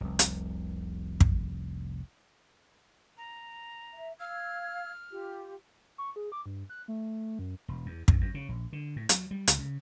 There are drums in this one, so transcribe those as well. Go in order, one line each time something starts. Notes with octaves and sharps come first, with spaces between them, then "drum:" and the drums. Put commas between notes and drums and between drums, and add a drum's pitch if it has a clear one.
F1 C2
drum: hi-hat
drum: kick
A#5
E5
F5 E6 F6 G#6
F4 G4
C#6
G#4
D6
G2
F#6
A3
F#2
E1
E2
D2, drum: kick
F#2
C#3
A#1
D3
A2
F#3, drum: hi-hat
G3
C#2, drum: hi-hat
C#3